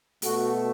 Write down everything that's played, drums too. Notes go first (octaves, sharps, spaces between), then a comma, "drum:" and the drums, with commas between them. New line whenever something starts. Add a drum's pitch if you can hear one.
B2 A3 F#4, drum: hi-hat